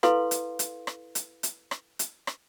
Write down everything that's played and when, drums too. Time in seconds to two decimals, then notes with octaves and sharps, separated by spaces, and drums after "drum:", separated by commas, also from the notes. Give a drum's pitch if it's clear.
0.03 E4 A4 B4 F5 C6, drum: rim click
0.31 drum: hi-hat
0.59 drum: hi-hat
0.87 drum: rim click
1.15 drum: hi-hat
1.43 drum: hi-hat
1.71 drum: rim click
1.99 drum: hi-hat
2.27 drum: rim click